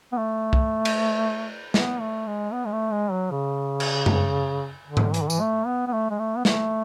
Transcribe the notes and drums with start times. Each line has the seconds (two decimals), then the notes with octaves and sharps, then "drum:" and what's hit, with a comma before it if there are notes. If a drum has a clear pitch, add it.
0.12 B3
0.18 A3
0.53 drum: kick
0.85 drum: cymbal
1.74 B3, drum: snare
2.00 A3
2.27 G#3
2.53 B3
2.65 G#3
2.72 A3
2.92 G#3
3.11 F#3
3.31 C#3
3.80 drum: cymbal
4.06 drum: tom F#2
4.87 D3
4.97 drum: tom G#2
5.14 E3, drum: hi-hat
5.22 D3
5.30 E3, drum: tambourine
5.41 A3
5.67 B3
5.87 B3
5.93 A3
6.10 G#3
6.19 A3
6.37 B3
6.45 A3, drum: snare